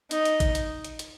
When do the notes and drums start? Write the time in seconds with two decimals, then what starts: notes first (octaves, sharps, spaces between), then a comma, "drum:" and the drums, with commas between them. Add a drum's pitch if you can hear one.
0.11 D#4, drum: hi-hat
0.25 drum: hi-hat
0.40 drum: kick A1, hi-hat
0.55 drum: hi-hat
0.85 drum: hi-hat
0.99 drum: hi-hat